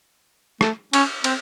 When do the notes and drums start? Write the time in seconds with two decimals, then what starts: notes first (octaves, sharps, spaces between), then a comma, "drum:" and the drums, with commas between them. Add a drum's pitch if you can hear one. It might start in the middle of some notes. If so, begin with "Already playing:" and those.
0.61 A3, drum: rim click
0.93 C#4, drum: cymbal
1.24 C4, drum: cymbal